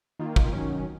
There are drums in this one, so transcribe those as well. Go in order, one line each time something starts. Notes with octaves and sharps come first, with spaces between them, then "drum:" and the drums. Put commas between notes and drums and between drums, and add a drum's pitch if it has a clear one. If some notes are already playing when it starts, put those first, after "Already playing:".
D#3 A#3 F4
drum: kick
D#3 F#3 C#4